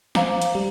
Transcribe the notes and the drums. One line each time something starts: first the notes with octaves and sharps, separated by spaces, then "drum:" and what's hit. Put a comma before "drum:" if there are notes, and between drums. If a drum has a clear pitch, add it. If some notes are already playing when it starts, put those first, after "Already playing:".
C5 F5 A#5 D6, drum: snare
drum: hi-hat
G3